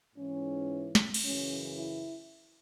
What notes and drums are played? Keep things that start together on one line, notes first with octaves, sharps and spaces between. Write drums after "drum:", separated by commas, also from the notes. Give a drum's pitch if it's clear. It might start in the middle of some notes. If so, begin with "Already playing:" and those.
G#2 E3 C#4
drum: snare
drum: cymbal
F#2 C#3 E3 C#4
E4